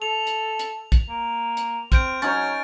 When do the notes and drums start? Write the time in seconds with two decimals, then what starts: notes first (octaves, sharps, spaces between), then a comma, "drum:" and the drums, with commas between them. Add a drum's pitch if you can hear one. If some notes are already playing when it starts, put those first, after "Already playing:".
0.02 A4 F7
0.27 drum: hi-hat
0.59 drum: hi-hat
0.92 drum: kick, hi-hat
1.09 A#3
1.57 drum: hi-hat
1.92 C4 F6 G6 D7, drum: kick, hi-hat
2.22 F#3 C#4 D#4 C#5 A6, drum: hi-hat